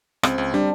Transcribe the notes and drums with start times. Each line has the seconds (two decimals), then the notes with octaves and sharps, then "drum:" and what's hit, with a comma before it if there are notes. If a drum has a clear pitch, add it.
0.23 C#2 C4, drum: rim click
0.38 C#2
0.54 G3 D4